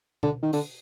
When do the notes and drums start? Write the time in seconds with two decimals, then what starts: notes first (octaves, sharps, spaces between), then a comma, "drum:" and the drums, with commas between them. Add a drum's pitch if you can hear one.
0.23 D3, drum: tom B2
0.42 D#3
0.53 D3, drum: open hi-hat